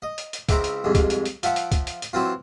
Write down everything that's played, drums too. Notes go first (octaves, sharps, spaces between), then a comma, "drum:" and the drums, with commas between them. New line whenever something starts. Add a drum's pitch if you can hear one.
D#5
drum: hi-hat
drum: hi-hat
C#2 C4 E4 A#5 D6, drum: kick C#2, hi-hat
drum: hi-hat
C2 F2 G#2
drum: kick C#2, hi-hat
drum: hi-hat
drum: hi-hat
F3 E5 F#5 D6, drum: hi-hat
drum: hi-hat
drum: kick C#2, hi-hat
drum: hi-hat
drum: hi-hat
E3 F#3 C4 F4